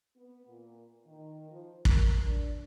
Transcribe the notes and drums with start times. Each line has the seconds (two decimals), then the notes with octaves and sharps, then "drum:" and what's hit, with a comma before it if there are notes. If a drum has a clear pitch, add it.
0.17 B3
0.47 A#2
1.06 D#3
1.50 F3
1.85 A#4, drum: kick
2.26 D4